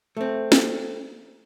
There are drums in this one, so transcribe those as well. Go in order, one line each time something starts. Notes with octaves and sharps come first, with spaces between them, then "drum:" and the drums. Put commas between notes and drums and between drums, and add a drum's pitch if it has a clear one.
A3 C4
drum: snare